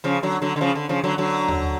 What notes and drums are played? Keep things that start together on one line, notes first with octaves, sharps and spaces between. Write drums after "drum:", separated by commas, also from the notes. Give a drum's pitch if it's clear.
C#3 F3
D3 F#3
D3 F#3
D3
C#3 F3
D3
C#3 F3
D3 F#3
D3 F#3
drum: tom D#2